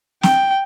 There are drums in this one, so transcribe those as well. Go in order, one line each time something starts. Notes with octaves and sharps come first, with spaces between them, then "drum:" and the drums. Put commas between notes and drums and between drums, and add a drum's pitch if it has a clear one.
G5, drum: snare